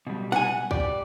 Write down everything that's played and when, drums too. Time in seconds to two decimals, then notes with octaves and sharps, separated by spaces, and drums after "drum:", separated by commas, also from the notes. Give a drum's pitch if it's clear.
0.07 B2 G3
0.32 F#5 G#5
0.71 G4 D5, drum: kick B1